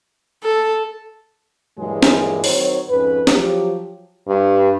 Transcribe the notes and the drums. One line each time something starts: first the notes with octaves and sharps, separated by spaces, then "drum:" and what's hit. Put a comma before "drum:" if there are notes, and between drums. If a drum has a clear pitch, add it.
A4
G2 A#2 E3 F#3 G#3
drum: snare
D#3 F#3 C4 C5 C#5, drum: open hi-hat
F2 G#2 C#4 B4
F3 F#3 G4, drum: snare
G2